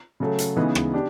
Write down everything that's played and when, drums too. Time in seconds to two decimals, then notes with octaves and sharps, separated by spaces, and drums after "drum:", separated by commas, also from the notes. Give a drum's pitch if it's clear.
0.20 C#3 F#3 A3
0.38 drum: hi-hat
0.56 C#3 E3 G#3 B3 D#4
0.75 drum: rim click
0.94 D4 G4